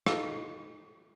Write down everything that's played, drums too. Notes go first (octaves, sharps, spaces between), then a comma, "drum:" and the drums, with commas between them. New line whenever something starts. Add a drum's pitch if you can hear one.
D#4 A4 F5, drum: rim click